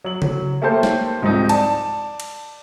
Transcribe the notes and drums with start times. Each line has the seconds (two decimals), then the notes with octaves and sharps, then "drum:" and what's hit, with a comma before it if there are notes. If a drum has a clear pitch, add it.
0.04 F#3 F#7
0.22 drum: tom C#3
0.62 A3 A#3 G4 A4 C5 C#5
0.83 drum: snare
1.22 C2 G#2 F3 C4 D#4
1.49 D5 A5, drum: cymbal
2.20 drum: cymbal